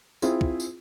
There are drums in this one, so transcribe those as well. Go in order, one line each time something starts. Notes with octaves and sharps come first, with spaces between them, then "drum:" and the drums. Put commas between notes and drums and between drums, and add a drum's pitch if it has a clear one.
C4 E4 F4 G#4, drum: tambourine
drum: kick
drum: tambourine